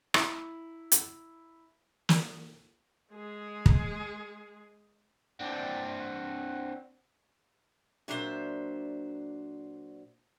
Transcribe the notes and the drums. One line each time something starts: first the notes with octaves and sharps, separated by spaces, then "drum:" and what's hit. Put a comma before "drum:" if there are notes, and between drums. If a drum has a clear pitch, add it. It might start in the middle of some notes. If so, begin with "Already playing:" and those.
E4 A#5, drum: rim click
drum: hi-hat
drum: snare
G#3 G#4
drum: kick
C4 D4 D5 F#5 G5
F#5
A#2 F#3 D4 D#4 C5 E5